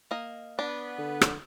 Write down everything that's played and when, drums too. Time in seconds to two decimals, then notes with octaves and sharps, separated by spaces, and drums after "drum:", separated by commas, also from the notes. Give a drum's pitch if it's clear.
0.11 A#3 D#5
0.59 B3 D4
0.98 D3
1.21 drum: rim click